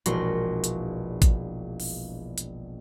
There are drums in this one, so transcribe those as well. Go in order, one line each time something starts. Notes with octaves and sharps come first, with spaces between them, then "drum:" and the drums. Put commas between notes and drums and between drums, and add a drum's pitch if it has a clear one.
E1 A#1 F#4 C6 A#6, drum: hi-hat
drum: hi-hat
drum: kick A1, hi-hat
drum: open hi-hat
drum: hi-hat